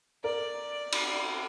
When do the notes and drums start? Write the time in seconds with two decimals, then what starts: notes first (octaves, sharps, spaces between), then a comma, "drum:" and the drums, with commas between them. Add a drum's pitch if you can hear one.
0.24 A#4 D5
0.92 drum: cymbal